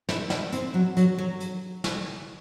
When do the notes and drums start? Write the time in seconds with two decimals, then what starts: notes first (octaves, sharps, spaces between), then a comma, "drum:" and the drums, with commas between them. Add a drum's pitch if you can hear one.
0.09 E4, drum: snare
0.30 E4, drum: snare
0.52 C4, drum: hi-hat
0.74 F#3
0.97 F#3, drum: hi-hat
1.18 F#3
1.40 drum: hi-hat
1.84 drum: snare